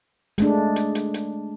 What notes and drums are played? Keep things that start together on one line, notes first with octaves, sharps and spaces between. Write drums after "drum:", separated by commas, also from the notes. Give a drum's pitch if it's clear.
G#3 A3 D4, drum: hi-hat
drum: hi-hat
drum: hi-hat
drum: hi-hat